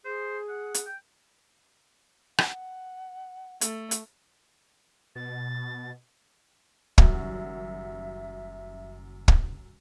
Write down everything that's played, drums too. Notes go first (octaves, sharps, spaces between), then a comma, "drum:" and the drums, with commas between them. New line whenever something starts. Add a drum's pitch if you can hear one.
G#4 C5
F#5
drum: hi-hat
G5
F#5, drum: rim click
A3, drum: hi-hat
drum: hi-hat
B2 A6
F#1 F#2 D#3 G3 F#4 E5, drum: kick
drum: kick